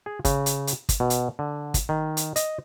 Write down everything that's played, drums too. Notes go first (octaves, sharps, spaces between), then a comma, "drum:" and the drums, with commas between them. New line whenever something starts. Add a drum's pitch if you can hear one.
G#4
C#3, drum: kick, hi-hat
drum: hi-hat
drum: hi-hat
drum: kick, hi-hat
B2
drum: hi-hat
D3
drum: kick, hi-hat
D#3
drum: hi-hat
D#5, drum: hi-hat